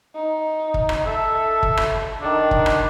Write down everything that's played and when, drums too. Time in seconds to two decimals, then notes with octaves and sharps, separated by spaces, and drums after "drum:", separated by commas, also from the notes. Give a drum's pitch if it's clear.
0.14 D#4
0.74 drum: kick
0.89 drum: rim click
1.06 A4 E5
1.63 drum: kick
1.77 drum: rim click
2.22 D#3 D4
2.51 drum: kick
2.66 drum: rim click